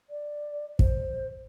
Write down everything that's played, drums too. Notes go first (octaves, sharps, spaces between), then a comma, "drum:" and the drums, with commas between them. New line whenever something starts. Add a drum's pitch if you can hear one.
D5
C5, drum: kick